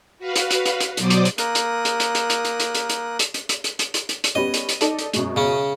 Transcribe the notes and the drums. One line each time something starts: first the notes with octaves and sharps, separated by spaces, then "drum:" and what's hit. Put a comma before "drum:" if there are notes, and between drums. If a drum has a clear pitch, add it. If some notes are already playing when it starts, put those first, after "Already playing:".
F#4 B4 F5
drum: hi-hat
drum: hi-hat
drum: hi-hat
drum: hi-hat
B2 F#3 C5 D5 D6 D#6, drum: hi-hat
drum: hi-hat
drum: hi-hat
A#3 A#4 D#6 F#6, drum: hi-hat
drum: hi-hat
drum: hi-hat
drum: hi-hat
drum: hi-hat
drum: hi-hat
drum: hi-hat
drum: hi-hat
drum: hi-hat
drum: hi-hat
drum: hi-hat
drum: hi-hat
drum: hi-hat
drum: hi-hat
drum: hi-hat
drum: hi-hat
drum: hi-hat
drum: hi-hat
G3 B3 C#4 D#5
drum: hi-hat
drum: hi-hat
D#4 A4 D5, drum: hi-hat
drum: hi-hat
F#2 B2 G#3, drum: hi-hat
C#3 C#4